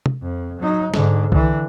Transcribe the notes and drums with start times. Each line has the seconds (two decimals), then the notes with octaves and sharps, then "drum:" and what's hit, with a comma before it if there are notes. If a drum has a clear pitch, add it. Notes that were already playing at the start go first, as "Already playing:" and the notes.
0.06 drum: tom
0.22 F2
0.60 F#3 D#4
0.94 G#2 D3, drum: snare
1.32 D3 E3, drum: kick C2